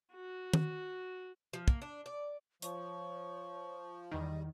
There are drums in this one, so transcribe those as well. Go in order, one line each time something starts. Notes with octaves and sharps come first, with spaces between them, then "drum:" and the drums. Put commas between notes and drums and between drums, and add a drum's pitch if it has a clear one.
F#4
drum: tom D#3
F3
A#3, drum: kick
D4
D5
F3 C#5 C#6, drum: hi-hat
E2 D#3 G3 D#5